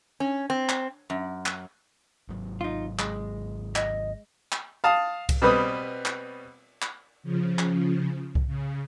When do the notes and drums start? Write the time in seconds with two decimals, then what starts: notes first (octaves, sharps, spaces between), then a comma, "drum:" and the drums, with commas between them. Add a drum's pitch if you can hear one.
0.20 C#4
0.50 C4
0.69 drum: clap
1.10 F#2
1.46 drum: clap
2.29 G#1 F#3
2.61 D#4 F4
2.99 G#3, drum: clap
3.76 D#5, drum: clap
4.52 drum: clap
4.84 F5 A5 D#6
5.29 drum: kick C2, cymbal
5.42 B2 G3 C4 B4 D#6
6.05 drum: clap
6.82 drum: clap
7.23 C#3 F3
7.59 drum: clap
8.35 drum: kick C2
8.47 C#3